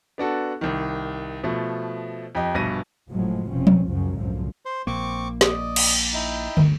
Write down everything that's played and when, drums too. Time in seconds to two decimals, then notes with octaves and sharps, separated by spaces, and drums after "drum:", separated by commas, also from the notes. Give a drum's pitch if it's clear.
0.18 B3 D4 F#4 A4
0.61 C2 D#3
1.44 B2 F3 A3
2.35 F2 G4 D#5
2.54 A#1 G2 B2 A#6 D#7
3.09 F#1 A2 F3 F#3 G#3
3.50 F1 B2 F3 C4 C#4
3.67 drum: tom F3
3.84 C#2 F#2 C#3 F3 F#3
4.17 C2 F#2 A2 D3 F3
4.65 C5
4.87 A#1 A#3 C4 C#6 D6
5.41 D5 D#5, drum: snare
5.76 drum: cymbal
6.13 D#4 E4 G5
6.57 G1 D2 C#3, drum: tom